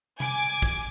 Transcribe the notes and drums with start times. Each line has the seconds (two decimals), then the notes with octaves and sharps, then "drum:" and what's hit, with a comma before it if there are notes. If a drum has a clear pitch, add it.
0.20 G#5 D6 G#6, drum: tom C3
0.62 drum: kick